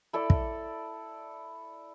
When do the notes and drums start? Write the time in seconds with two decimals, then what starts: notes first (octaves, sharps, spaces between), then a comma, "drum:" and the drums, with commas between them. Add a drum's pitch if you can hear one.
0.13 E4 A4 D5
0.30 drum: kick